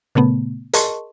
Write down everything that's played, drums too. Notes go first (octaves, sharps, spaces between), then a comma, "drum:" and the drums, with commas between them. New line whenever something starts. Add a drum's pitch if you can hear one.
A#2 C#3 A3 B3
G#4 A#4 D#5 A5 C6 C#6, drum: hi-hat